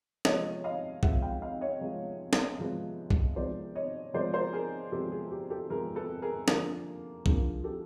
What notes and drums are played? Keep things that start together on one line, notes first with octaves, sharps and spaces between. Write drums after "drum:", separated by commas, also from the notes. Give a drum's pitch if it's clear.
C3 F3 G#3 B3 C#5 D#5, drum: snare
D#5 F5
C3 F3 G#3 B3 E5 F#5, drum: kick
F5 G5
D#5 F5
C#5 D#5
C3 F3 G#3 B3
drum: snare
C3 F3 G#3 B3
drum: kick
C3 F3 G#3 B3 C5 D5
C#5 D#5
C3 F3 G#3 B3 C5 D5
A#4 C5
G#4 A#4
C3 F3 G#3 B3 G4 A4
G#4
G4
G4 A4
C3 F3 G#3 B3 G#4 A#4
A4 B4
G#4 A#4
D3 F3 A#3, drum: snare
D3 F3 A#3 G#4, drum: kick
G4 A4